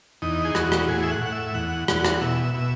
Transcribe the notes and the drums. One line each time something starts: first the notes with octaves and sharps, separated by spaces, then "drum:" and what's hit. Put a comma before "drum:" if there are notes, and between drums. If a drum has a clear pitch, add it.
E2 D#4
G#4
E2 F#4, drum: rim click
drum: rim click
A2 G#4
E5
F#5
A2 F#5
E5
E2 F#5
E2 F#5, drum: rim click
drum: rim click
B2 E5
B2 E5